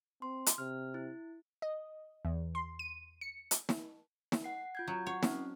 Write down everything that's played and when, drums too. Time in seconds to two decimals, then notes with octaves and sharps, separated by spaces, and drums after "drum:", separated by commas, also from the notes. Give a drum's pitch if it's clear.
0.22 C4 C6
0.46 drum: hi-hat
0.58 C3 F6
0.94 E4
1.62 D#5
2.25 E2
2.55 C6
2.79 D#7
3.21 C#7
3.51 drum: hi-hat
3.69 drum: snare
4.32 drum: snare
4.44 F#5 C7
4.75 F4 G6 G#6
4.88 F#3
5.07 C#5 F#5
5.23 C4 C#4, drum: snare